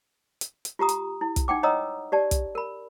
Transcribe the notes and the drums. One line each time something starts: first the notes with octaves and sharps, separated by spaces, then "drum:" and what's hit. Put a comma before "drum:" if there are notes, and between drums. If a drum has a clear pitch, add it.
drum: hi-hat
drum: hi-hat
F4 G4 A#5 D#6
drum: hi-hat
E4
drum: kick, hi-hat
D#4 F#5 G5 D6
C#5 D#5 F#5 A#5 D#6 E6
G4 D5 A5
drum: kick, hi-hat
A#4 B5